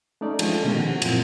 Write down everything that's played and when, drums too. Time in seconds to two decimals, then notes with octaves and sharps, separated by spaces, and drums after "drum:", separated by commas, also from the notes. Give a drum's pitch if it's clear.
0.21 A3 C#4 D#4 D5
0.39 F3 G#3 A3 D4 D#4, drum: cymbal
0.63 B2 D#3 G#3 A#3 B3 C#4
0.79 G4 F#5
1.02 F#2 A#2 F3 A3 C4 E4, drum: cymbal